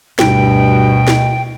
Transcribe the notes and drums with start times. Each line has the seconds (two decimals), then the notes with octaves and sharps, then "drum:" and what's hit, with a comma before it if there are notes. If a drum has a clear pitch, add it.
0.19 D2 G2 B2 G5, drum: snare
1.08 drum: snare